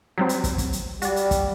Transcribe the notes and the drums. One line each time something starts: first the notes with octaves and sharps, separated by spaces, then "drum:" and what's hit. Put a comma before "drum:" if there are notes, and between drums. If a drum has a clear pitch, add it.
F#3 G3 C4
drum: hi-hat
drum: kick, hi-hat
drum: kick, hi-hat
drum: hi-hat
G3 F#4 D5, drum: hi-hat
drum: hi-hat
drum: kick, hi-hat